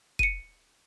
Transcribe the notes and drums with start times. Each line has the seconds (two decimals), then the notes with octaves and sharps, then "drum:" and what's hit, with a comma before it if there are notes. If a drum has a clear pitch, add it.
0.19 C#7 D#7, drum: kick F1